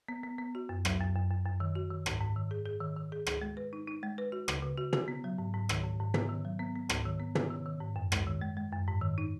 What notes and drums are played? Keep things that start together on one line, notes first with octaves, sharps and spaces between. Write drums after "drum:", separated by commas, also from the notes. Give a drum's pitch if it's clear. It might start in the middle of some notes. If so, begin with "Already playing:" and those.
B3
B3
B3
F#4
F#2
F#3, drum: rim click
F#2
F#2
F#2
F#2
D#3
F#4
D#3
G#2, drum: rim click
G#2
D#3
G#4
G#4
D#3
D#3
G#4
G#4, drum: rim click
G#3
B4
D#4
D#4
G#3
B4
F#4
C#3, drum: rim click
C#3
F#4
F#4, drum: tom
B3
F#3
G#2
G#2
D#3, drum: rim click
G#2
G#2
B3, drum: tom
D#3
F#3
B3
B3
G#2, drum: rim click
D#3
B3
B3, drum: tom
D#3
D#3
G#2
F#2
G#3, drum: rim click
D#3
G#3
G#3
F#2
G#2
D#3
D#4